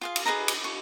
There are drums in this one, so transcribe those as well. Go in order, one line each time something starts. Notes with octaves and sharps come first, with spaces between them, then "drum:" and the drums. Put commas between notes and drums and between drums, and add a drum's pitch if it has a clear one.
F4 G#4 F5
drum: cymbal
G#4 B4 D#5 A#5
drum: cymbal
C#6